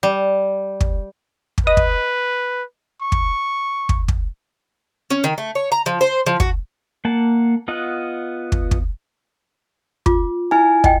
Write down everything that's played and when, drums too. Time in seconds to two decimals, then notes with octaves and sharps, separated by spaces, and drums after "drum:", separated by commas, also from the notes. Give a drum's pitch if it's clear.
0.03 G3
0.81 drum: kick
1.58 drum: kick
1.67 B4 D#5
1.77 drum: kick
3.02 C#6
3.12 drum: kick
3.89 drum: kick
4.08 drum: kick
5.10 C#4
5.24 D#3
5.38 A3
5.55 C#5
5.72 A#5
5.86 F3
6.01 C5
6.27 F3
6.40 F#4, drum: kick
7.05 A#3 F#5 A5
7.68 B3 F4 D#5 F#5
8.52 drum: kick
8.71 drum: kick
10.06 F4 D6, drum: kick
10.51 E4 G#5
10.84 D#5 G5, drum: kick